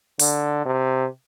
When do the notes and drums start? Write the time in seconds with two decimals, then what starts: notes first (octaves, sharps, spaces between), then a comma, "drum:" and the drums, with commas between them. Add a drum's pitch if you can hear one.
0.20 D3, drum: open hi-hat
0.66 C3